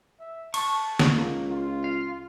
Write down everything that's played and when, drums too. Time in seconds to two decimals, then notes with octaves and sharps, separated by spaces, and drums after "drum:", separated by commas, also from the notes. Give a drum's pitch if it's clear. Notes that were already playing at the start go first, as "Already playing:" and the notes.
0.20 E5
0.54 A5 C#6, drum: cymbal
0.99 drum: snare
1.15 C#2 A#3
1.51 F4
1.84 F5